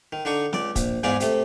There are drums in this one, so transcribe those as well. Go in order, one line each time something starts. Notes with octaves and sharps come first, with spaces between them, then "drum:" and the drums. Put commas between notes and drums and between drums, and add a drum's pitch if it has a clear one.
D#3
D3 D4 D#4 C#6
C#2 D5, drum: snare
A#1, drum: kick, hi-hat
E2 G#2 G#3 D#4 D5 F5
C3 A3, drum: hi-hat